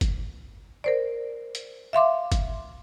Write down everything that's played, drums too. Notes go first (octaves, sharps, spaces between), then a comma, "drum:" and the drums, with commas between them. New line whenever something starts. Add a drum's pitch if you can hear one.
drum: kick, hi-hat
A#4 C5 D5
drum: hi-hat
E5 F5 C6 D6
drum: kick, hi-hat